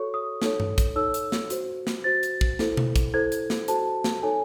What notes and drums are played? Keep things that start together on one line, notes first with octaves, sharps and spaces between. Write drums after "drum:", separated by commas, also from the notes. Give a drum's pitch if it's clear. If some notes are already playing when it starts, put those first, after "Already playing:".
Already playing: F#4 A4 C#5 C#6
D#6
D#4 A4 C#5, drum: snare
drum: tom G2
drum: kick, hi-hat
D#4 A4 C#5 E6
drum: hi-hat
drum: snare
F#4 C5, drum: hi-hat
drum: snare
F#4 C5 A6
drum: hi-hat
drum: kick
E4 A4 C5, drum: snare
drum: tom B2
drum: kick, hi-hat
E4 A4 C5 G#6
drum: hi-hat
drum: snare
F#4 A4 C5 A5, drum: hi-hat
drum: snare
D#4 A4 C#5 G#5